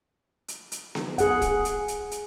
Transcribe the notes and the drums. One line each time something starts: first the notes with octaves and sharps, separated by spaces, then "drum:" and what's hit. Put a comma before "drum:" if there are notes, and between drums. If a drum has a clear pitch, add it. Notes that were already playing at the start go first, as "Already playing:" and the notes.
drum: hi-hat
drum: hi-hat
drum: snare B3
G#4 F#5, drum: hi-hat
drum: kick, hi-hat
drum: hi-hat
drum: hi-hat
drum: hi-hat